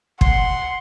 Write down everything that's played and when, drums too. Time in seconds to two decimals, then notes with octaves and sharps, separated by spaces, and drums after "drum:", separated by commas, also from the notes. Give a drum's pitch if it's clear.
0.21 F#5 C6, drum: kick